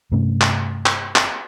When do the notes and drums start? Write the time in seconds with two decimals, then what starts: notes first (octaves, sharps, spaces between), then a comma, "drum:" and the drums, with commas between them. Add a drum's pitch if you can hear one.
0.12 G2 C3 A3 C#4
0.41 drum: clap
0.86 drum: clap
1.16 drum: clap